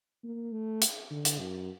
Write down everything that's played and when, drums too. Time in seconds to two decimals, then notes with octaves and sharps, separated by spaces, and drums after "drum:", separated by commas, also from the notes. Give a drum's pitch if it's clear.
0.24 A#3
0.52 A3
0.82 drum: hi-hat
1.11 D3
1.25 drum: hi-hat
1.40 F#2